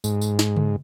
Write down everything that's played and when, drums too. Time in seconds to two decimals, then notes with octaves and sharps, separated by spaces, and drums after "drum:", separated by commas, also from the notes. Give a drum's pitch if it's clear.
0.04 G#2, drum: tambourine
0.21 drum: tambourine
0.39 drum: snare
0.57 drum: tom C#3